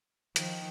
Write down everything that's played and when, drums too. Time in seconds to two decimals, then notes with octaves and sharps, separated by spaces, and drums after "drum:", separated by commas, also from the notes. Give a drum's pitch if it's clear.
0.36 D#3 F3, drum: hi-hat